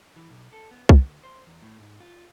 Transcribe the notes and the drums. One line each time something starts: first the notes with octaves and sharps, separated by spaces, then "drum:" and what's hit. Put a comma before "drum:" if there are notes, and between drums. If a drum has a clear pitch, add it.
E3
B1
A4
B3
B3, drum: kick C2
D2
C5
E2
A2
G#2
F4